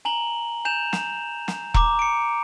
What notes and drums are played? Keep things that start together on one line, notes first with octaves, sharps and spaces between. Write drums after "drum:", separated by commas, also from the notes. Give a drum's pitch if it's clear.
G#5 A#5 F#7 G7
G#5 G6 E7 F7
drum: snare
drum: snare
A#5 D6, drum: kick E1
C#7 D7